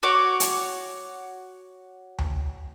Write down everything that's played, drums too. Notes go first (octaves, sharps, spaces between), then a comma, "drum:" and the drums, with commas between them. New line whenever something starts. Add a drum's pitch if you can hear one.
F#4 C#5 D6
drum: hi-hat
drum: tom D2